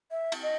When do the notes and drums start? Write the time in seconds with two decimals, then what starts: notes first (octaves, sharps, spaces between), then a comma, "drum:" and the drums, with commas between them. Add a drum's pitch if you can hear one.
0.11 E5
0.32 drum: cymbal
0.43 D#5